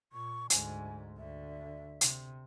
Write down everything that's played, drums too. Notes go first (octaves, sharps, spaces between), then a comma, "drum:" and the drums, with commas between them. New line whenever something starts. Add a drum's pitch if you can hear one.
A#2 C#6
D2 G#2 G#5, drum: hi-hat
D2 D3 E5
C3, drum: hi-hat